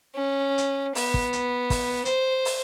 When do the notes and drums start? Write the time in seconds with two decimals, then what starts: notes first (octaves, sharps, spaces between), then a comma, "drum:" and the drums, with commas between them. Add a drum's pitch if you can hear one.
0.15 C#4
0.58 drum: hi-hat
0.95 B3, drum: open hi-hat
1.14 drum: kick
1.33 drum: hi-hat
1.70 drum: kick, open hi-hat
2.05 C5, drum: hi-hat
2.45 drum: open hi-hat